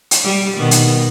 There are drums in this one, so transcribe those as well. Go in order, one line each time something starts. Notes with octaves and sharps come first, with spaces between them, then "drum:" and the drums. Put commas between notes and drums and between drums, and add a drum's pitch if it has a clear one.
drum: hi-hat
G3
B2 D#3 B3
drum: hi-hat